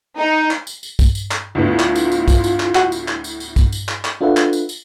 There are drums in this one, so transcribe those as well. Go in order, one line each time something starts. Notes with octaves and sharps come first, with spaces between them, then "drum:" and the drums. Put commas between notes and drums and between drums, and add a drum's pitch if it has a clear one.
D#4
drum: clap
drum: tambourine
drum: tambourine
drum: kick, tambourine
drum: tambourine
drum: clap
D2 A2 B3 F4
drum: clap
drum: tambourine
drum: tambourine
drum: kick, tambourine
drum: tambourine
drum: clap
F#4, drum: clap
drum: tambourine
drum: clap
drum: tambourine
drum: tambourine
drum: kick, tambourine
drum: tambourine
drum: clap
drum: clap
D4 F4 A4 B4 E5 F#5
drum: clap
drum: tambourine
drum: tambourine